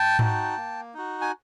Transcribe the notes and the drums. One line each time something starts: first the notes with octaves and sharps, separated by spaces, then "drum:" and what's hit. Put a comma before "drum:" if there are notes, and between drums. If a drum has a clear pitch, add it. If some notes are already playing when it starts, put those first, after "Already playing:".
Already playing: G5 A5
D#4 F#4, drum: tom G#2
A#3
D#4 F#4
G#5